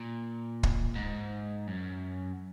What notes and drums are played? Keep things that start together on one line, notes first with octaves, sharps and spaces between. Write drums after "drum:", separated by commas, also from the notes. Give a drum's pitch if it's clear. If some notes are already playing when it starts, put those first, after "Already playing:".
Already playing: A#2
drum: kick
G#2
F#2